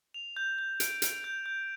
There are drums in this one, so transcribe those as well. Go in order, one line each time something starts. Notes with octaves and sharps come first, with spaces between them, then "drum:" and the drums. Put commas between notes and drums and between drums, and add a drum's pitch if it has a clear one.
F7
G6
G6
D7, drum: hi-hat
D7, drum: hi-hat
G6
G6